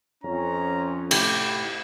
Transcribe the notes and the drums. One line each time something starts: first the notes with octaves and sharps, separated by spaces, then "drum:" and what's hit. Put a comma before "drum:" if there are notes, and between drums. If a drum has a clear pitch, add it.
F2 C#4 A#5
A2 C3 G4 G5, drum: cymbal